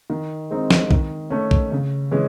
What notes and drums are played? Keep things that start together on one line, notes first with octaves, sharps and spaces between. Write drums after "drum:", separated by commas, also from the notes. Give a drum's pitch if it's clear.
D#3
G#3 C4 D#4
drum: snare
D#3, drum: kick B1
A3 C#4
drum: kick B1
C#3
E3 G#3 C#4